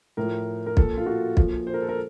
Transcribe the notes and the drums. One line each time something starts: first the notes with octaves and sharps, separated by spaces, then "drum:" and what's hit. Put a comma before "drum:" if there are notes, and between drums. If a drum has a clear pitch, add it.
A2 F3 A#4
A#4
A#2 F3 A4, drum: kick
F4
F#4
A#2 F3, drum: kick
C5
A#4
A4
A#4